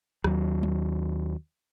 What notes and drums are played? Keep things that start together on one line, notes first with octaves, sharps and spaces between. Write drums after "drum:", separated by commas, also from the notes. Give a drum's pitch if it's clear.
D#2 F#3, drum: rim click
drum: tom